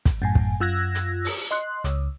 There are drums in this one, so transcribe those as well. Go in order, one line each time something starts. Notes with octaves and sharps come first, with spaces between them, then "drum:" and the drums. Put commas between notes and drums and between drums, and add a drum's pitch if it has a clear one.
drum: kick, hi-hat
F#2 A2 G#5
drum: kick
F#2 F4 E6 F#6 G#6 A#6
drum: hi-hat
drum: open hi-hat
D#5 C6 F#6
C#2, drum: hi-hat